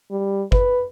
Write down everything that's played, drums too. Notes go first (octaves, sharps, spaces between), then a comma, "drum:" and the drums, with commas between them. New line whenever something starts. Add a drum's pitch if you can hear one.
G3
B4, drum: kick G1